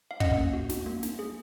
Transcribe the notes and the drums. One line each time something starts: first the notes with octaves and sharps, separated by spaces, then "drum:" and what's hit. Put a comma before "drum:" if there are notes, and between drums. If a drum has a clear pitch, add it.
F5
C#4 D#5 F#5, drum: kick
A#3
F#4
F#4, drum: snare
A#3
A#3, drum: snare
G#4